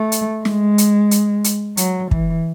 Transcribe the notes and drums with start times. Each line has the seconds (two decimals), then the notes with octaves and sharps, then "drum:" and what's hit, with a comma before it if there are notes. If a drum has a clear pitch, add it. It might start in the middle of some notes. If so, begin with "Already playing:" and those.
Already playing: A3
0.12 drum: hi-hat
0.45 G#3, drum: snare
0.78 drum: hi-hat
1.11 drum: hi-hat
1.44 drum: hi-hat
1.77 F#3, drum: hi-hat
2.11 E3, drum: kick